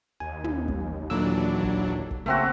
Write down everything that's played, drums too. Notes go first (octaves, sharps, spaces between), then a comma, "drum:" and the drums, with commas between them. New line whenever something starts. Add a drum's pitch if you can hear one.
D#2 G#5
drum: tom
drum: kick
A#2 E3 F#3 D4 A4 E6
drum: kick
drum: kick
C#3 A3 A#3 C4 F#4